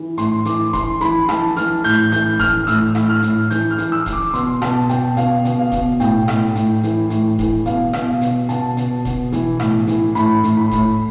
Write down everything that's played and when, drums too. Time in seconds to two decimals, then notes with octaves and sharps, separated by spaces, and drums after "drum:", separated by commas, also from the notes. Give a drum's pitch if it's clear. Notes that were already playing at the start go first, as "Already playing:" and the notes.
Already playing: E3
0.17 A2 C6, drum: hi-hat
0.45 E3 D6, drum: hi-hat
0.73 E3 C6, drum: kick D#1, hi-hat
1.00 E3 B5, drum: hi-hat
1.29 E3 A5, drum: rim click
1.57 E3 F6, drum: hi-hat
1.84 A2 G6, drum: hi-hat
2.12 E3 G6, drum: hi-hat
2.39 E3 F6, drum: kick D#1, hi-hat
2.67 A2 E6, drum: hi-hat
2.95 A2, drum: rim click
3.09 F6
3.22 A2, drum: hi-hat
3.50 E3 G6, drum: hi-hat
3.71 F6
3.78 E3, drum: hi-hat
3.92 E6
4.06 E3, drum: kick D#1, hi-hat
4.12 D6
4.34 B2 C6, drum: hi-hat
4.62 B2 A5, drum: rim click
4.89 B2 G5, drum: hi-hat
5.17 B2 F5, drum: hi-hat
5.45 B2, drum: hi-hat
5.59 F5
5.72 B2, drum: kick D#1, hi-hat
6.00 A2 G5, drum: hi-hat
6.28 A2, drum: rim click
6.55 A2, drum: hi-hat
6.83 E3, drum: hi-hat
7.10 A2, drum: hi-hat
7.39 E3, drum: kick D#1, hi-hat
7.66 B2 F5, drum: hi-hat
7.93 B2, drum: rim click
8.08 F5
8.21 B2, drum: hi-hat
8.49 B2 A5, drum: hi-hat
8.77 B2, drum: hi-hat
9.05 B2, drum: kick D#1, hi-hat
9.32 E3, drum: hi-hat
9.60 A2, drum: rim click
9.87 E3, drum: hi-hat
10.15 A2 B5, drum: hi-hat
10.43 A2, drum: hi-hat
10.57 B5
10.71 A2, drum: kick D#1, hi-hat